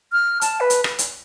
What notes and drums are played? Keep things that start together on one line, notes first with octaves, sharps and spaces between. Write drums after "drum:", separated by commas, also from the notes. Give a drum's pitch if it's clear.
F6
A5, drum: hi-hat
B4
drum: hi-hat
drum: rim click
drum: hi-hat